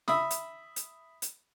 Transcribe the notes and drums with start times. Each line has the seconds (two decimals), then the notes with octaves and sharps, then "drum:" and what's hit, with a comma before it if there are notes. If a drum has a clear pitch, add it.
0.08 E5 B5 D#6, drum: snare
0.31 drum: hi-hat
0.76 drum: hi-hat
1.22 drum: hi-hat